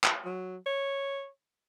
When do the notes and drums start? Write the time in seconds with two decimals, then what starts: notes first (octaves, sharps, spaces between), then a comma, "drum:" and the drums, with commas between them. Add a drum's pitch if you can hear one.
0.04 drum: clap
0.25 F#3
0.66 C#5